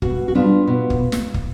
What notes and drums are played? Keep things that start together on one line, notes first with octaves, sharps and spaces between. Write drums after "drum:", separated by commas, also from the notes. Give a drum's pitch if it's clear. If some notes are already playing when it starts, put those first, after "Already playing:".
B2 F#4, drum: kick
F#4
G3 B3 D4 F4
B2
drum: kick
drum: snare
drum: kick